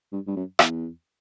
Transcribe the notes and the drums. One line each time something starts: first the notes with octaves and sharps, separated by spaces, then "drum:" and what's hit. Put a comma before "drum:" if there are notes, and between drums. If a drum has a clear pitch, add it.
G2
G2
F#2
E2, drum: rim click